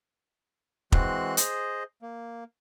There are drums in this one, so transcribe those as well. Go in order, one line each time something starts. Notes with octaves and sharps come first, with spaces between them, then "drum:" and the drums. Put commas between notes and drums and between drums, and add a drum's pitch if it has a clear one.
E3 G#3 C4 F#4 C6 F#6, drum: kick
G#4 C5 D#5, drum: hi-hat
A#3